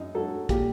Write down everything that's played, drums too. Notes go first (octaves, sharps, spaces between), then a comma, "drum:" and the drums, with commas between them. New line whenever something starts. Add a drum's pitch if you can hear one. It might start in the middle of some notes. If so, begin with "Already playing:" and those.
Already playing: F#2 D#4
F#3 A4
A#2 G4, drum: kick, hi-hat